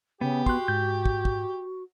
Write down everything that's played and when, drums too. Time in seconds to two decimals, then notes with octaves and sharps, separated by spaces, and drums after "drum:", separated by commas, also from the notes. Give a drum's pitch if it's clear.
0.21 C#3 B3 G4
0.46 F#4 C6 F#6, drum: kick
0.68 G#2 G6
1.06 drum: kick
1.25 drum: kick